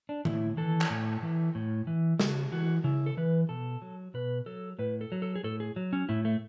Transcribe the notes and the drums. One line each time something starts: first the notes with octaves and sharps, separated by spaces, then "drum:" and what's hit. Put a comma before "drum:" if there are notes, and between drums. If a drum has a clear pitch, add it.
D4
A2 E4, drum: tom D3
E3 A4
drum: clap
A2
E3
A2
E3
C#3 F#4, drum: snare
E3 F#4
C#3 E4
A4
E3 B4
B2 A4
F#3
B2 B4
F#3 A4
A2 B4
A4
F#3
A4
G#4
A2 A4
G#4
F#3
C#4
A2 E4
A3